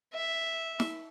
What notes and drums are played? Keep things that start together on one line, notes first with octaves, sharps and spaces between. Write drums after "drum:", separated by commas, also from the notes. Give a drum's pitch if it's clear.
E5
drum: snare